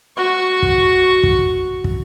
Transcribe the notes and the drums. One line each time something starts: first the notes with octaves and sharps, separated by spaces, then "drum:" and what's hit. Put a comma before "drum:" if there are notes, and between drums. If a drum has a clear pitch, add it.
F#4 C#6
drum: kick
drum: kick
drum: kick